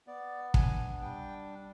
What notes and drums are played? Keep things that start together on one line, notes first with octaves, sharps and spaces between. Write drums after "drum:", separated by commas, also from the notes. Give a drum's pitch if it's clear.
B3 D5
D4 G#5, drum: kick
G3 G5